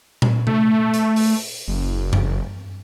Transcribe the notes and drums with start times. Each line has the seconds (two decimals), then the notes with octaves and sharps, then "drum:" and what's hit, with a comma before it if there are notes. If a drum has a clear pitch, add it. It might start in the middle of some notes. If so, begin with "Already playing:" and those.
0.22 drum: tom A#2
0.47 A3, drum: tom C3
0.94 drum: hi-hat
1.16 drum: open hi-hat
1.68 F#1
2.13 drum: tom F#2